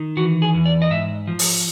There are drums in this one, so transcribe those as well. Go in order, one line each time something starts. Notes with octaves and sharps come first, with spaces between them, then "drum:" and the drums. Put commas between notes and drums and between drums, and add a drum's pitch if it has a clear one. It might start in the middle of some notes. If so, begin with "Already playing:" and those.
Already playing: D#3
E3 F#4
G#4
E2
D5
D#5
G#2 E5
F3
drum: open hi-hat